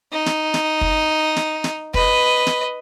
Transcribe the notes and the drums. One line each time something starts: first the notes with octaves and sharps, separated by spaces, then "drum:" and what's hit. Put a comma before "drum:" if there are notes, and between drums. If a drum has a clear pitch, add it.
D#4
drum: snare
drum: snare
drum: kick
drum: snare
drum: snare
B4 D#5, drum: kick
drum: snare